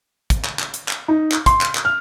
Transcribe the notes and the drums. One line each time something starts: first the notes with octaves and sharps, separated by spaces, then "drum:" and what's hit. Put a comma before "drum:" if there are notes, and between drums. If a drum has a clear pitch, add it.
drum: kick, hi-hat
drum: clap
drum: clap
drum: hi-hat
drum: clap
D#4
drum: clap
C6, drum: kick, hi-hat
drum: clap
drum: clap
F6